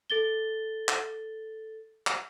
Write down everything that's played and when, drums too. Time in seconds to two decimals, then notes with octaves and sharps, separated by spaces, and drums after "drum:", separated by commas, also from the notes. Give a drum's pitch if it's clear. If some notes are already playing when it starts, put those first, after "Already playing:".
0.10 A4 A6 G7
0.88 drum: clap
2.07 drum: clap